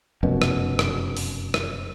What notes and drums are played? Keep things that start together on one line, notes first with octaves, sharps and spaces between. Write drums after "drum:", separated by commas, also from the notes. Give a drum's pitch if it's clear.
F1 F#2 B2
drum: rim click
drum: rim click
drum: open hi-hat
drum: rim click